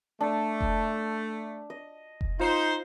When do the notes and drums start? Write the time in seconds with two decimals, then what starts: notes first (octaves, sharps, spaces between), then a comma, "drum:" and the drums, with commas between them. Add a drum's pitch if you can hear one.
0.21 A3 D4
0.61 drum: kick F1
1.70 D#5
2.21 drum: kick F1
2.40 D#4 F4 C5